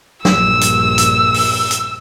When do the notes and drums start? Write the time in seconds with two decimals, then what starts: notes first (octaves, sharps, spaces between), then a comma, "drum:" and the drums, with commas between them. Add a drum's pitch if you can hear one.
0.25 A#1 G2 E6, drum: snare G3
0.61 drum: hi-hat
0.98 drum: hi-hat
1.34 drum: open hi-hat
1.71 drum: hi-hat